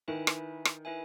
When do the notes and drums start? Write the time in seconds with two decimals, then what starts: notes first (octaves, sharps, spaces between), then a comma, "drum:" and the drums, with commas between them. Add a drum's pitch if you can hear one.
0.08 D#3 E4 B4 E5 G#5
0.27 drum: rim click
0.65 drum: rim click
0.85 E4 B4 E5 G#5